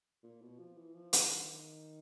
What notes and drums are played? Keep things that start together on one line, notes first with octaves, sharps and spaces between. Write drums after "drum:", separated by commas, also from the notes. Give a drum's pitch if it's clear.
A#2
B2
F3
E3
F3
E3, drum: hi-hat
D#3